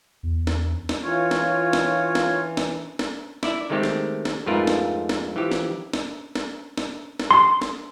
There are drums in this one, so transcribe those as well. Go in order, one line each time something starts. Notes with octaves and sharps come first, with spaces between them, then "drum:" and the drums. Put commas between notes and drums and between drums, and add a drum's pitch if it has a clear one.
E2
drum: snare
drum: snare
E3 F4 C#5
drum: snare
drum: snare
drum: snare
drum: snare
drum: snare
E4 D5 E5, drum: snare
D#3 G#3 A3 C4 G4
drum: snare
drum: snare
F2 G#2 A3 F4 A#4 B4
drum: snare
drum: snare
E3 F3 G4
drum: snare
drum: snare
drum: snare
drum: snare
drum: snare
C6
drum: snare